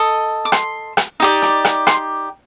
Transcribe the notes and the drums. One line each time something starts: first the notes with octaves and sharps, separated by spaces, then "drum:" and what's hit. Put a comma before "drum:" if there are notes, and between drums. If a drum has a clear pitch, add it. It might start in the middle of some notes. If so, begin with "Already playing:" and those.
Already playing: A4 D#5
D6
C6, drum: rim click
drum: rim click
D#4 G4 D5
drum: hi-hat
drum: rim click
C6, drum: rim click